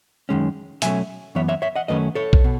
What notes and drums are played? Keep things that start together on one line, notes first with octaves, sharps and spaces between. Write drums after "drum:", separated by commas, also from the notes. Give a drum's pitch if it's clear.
F#2 D#3 G#3 C#4
B2 F#3 A3 C#4 E5 G#5, drum: hi-hat
F#2 E3 B3 C#5 E5
C#5 E5
C#5 E5
D#5 F#5
F#2 D#3 F#3 A3 C#4 B4 D#5
A4 C#5
drum: kick A#1
B2